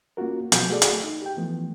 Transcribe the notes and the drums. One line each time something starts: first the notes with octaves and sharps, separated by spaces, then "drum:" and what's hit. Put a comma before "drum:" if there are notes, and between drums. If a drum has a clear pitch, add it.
A#3 C#4 F4 F#4 A#4
B2 F3 F#3 B3 G#5 G6, drum: hi-hat
A3 F#4 G#4 A4 D5
drum: hi-hat
D#4
G4 G5
E3 F3 A3 B3